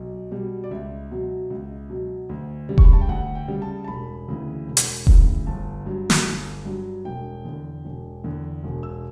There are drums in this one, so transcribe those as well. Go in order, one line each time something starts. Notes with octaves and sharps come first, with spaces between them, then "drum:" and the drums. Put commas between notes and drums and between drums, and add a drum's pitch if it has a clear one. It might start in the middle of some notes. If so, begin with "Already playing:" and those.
Already playing: B1
B2 G3
D5
C#2 E5
B2 F#3
C#2
B2 F#3
D2
C#3 G3
C#6, drum: kick E1
B5
A5
G5
D2 F#5
G5
C#3 G3
A5
A5
E1 B5
D2 C#3 E3
E1
drum: hi-hat
D2 C#3 E3, drum: kick E1
G1 A5
G2 F#3
drum: snare
G1
G2 F#3
E1 G5
E2 D3
E1
E2 D3
E1
E6